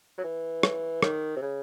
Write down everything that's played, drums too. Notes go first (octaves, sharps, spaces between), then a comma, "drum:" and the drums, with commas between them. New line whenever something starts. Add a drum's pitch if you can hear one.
F#3
E3
drum: rim click
D#3, drum: rim click
C3
C#3